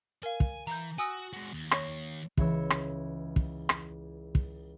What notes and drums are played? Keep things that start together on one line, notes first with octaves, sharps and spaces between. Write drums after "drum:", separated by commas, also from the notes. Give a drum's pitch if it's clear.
A#4 F5 G#5
drum: kick
E3 A#5 G6
F#4 G#5 D#6 E6
G#3 F#4
D#2
C#5 C#6 A#6, drum: rim click
C#2 E3 C#5 E6, drum: kick
drum: rim click
drum: kick
drum: rim click
drum: kick